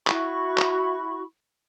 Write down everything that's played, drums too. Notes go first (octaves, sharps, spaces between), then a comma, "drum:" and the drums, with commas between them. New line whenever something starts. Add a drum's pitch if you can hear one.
E4 F#4 B5 C#6, drum: clap
drum: clap